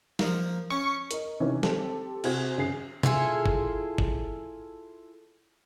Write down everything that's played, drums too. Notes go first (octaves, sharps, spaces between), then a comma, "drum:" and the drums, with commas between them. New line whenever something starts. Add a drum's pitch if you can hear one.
F3 A#3, drum: snare
C#4 C#6
A#4 D#5, drum: hi-hat
C3 D#3 E3 C#4
C4 G4 A4, drum: snare
C3 C4 F#4 G#4 C5 G#6, drum: cymbal
F#2 C#3 G#4 C7
E4 F4 G#4 A4, drum: tom B2
drum: kick
drum: kick